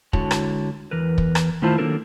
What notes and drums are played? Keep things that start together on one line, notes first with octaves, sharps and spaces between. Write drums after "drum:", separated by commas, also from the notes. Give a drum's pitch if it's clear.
D3 G#3 E4 F#4 C#5 A5, drum: kick
drum: rim click
E2 E3 A#4 B4
drum: kick
drum: rim click
D#3 A3 E4 F4 C5 A5
D#3 F#3 A#3 D4 A4 A#4